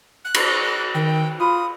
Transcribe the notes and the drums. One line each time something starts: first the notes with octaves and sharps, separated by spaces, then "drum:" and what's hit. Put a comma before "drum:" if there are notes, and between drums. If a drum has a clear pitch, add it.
F#6
drum: cymbal
F#6
D#3 G5
F4 B5 D#6